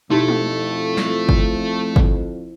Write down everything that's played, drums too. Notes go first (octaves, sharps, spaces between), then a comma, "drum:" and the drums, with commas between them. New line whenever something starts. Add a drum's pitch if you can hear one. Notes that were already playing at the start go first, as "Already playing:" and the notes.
F2 B2 A3 D#4 E4 G4 A4
drum: tom G#3
drum: snare
drum: kick G1
drum: kick G1